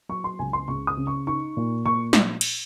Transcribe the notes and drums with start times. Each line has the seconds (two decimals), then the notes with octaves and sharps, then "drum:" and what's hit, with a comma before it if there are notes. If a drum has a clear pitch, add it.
0.09 F#3 C#6
0.24 C6
0.39 C#2 G#5
0.53 C6
0.68 C#2 C#6
0.87 D#6
0.97 C#3
1.07 C#6
1.27 D#4 C#6
1.57 A#2
1.86 A#2 C#6
2.13 drum: snare
2.41 drum: cymbal